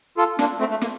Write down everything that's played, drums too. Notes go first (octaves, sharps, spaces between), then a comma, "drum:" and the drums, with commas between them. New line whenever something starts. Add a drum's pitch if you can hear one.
F4 A4
A#3 D4, drum: snare
A3 C4
A3
A#3, drum: snare